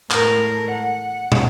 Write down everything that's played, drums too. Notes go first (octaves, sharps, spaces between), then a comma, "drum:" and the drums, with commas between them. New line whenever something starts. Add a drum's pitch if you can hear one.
A2 A#4, drum: clap
F#5
drum: tom